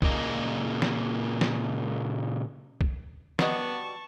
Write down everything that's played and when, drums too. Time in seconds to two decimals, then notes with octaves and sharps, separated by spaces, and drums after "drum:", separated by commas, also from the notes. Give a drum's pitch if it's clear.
0.02 A#2 C#3 A#3 D#5, drum: kick
0.82 drum: snare
1.41 drum: snare
2.81 drum: kick
3.39 G3 B3 F#4 D#5 A5 C#6, drum: snare